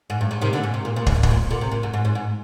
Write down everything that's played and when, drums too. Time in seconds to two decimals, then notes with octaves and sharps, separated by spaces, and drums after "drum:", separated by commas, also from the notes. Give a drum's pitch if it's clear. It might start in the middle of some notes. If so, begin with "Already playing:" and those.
0.10 G#2
0.21 G2
0.31 G#2
0.41 C3 D#3
0.53 A#2 D3
0.64 G#2
0.74 C3
0.85 A#2
0.96 A#2
1.07 G#2, drum: kick
1.16 G2
1.23 G#2, drum: kick
1.31 A#2
1.51 A#2 D3
1.61 C3
1.71 A#2
1.83 G#2
1.94 G#2
2.05 G#2
2.15 G#2